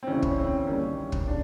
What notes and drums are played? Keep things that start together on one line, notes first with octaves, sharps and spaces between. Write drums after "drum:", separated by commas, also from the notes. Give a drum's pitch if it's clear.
C4
D2 C#3 E3 C#4
drum: kick
C4
G2 D#3 G3 A#3 C#4
drum: kick
C#3 D4